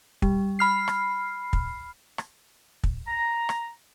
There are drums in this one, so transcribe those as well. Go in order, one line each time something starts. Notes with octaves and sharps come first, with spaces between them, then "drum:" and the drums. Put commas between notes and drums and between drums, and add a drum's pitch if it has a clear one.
G3, drum: kick
B5 F6 C7
drum: rim click
drum: kick
drum: rim click
drum: kick
A#5
drum: rim click